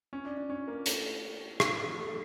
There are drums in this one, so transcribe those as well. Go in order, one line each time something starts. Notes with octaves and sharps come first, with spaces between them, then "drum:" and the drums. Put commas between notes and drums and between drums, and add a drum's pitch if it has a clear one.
C#4
D4
D4
C#4
A#3
A3, drum: hi-hat
drum: rim click
A3